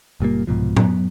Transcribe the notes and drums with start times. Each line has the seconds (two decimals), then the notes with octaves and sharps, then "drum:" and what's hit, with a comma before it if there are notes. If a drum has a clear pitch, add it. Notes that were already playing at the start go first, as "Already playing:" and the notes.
0.20 F#1 A#2 G3 A#3
0.47 C2 G#2 B2 F3
0.77 F#2 F#3 B3, drum: tom A2